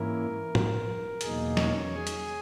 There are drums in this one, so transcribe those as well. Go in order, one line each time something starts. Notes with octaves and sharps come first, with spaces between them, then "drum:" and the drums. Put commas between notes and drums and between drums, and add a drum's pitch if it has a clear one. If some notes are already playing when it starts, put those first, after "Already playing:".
Already playing: G#2 E3 A#3 C#4 E4 A#4
drum: tom A2
E2 B2 F#3 A#3 D#4 G#4, drum: hi-hat
C#4 C#5, drum: snare
G#4 G#5
drum: hi-hat